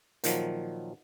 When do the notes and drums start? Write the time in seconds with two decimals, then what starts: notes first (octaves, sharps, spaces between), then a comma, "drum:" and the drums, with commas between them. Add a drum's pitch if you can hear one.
0.24 A#2 D#3 F3 F#3, drum: hi-hat